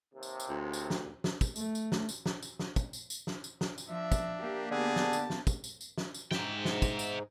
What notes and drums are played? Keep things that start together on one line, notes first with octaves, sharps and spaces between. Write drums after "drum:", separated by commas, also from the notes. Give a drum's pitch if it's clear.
D#2 C3
drum: tambourine
drum: tambourine
D2
drum: tambourine
drum: snare
drum: snare
drum: kick, tambourine
A3, drum: tambourine
drum: tambourine
drum: snare
drum: tambourine
drum: snare
drum: tambourine
drum: snare
drum: kick, tambourine
drum: tambourine
drum: tambourine
drum: snare
drum: tambourine
drum: snare
drum: tambourine
F3 D4 E5
drum: kick, tambourine
A#3 G4
D3 B3 G#4 A5
drum: snare
drum: tambourine
drum: snare
drum: kick, tambourine
drum: tambourine
drum: tambourine
drum: snare
drum: tambourine
G#2 E5 G5, drum: snare
drum: snare
drum: kick, tambourine
drum: tambourine